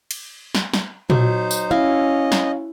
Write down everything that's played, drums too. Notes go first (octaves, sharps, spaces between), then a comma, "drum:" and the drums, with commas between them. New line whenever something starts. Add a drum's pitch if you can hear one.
drum: cymbal
drum: snare
drum: snare
F#3 D#4 C5, drum: tom A#2
drum: tambourine
C#4 E4 D#5 F5
drum: snare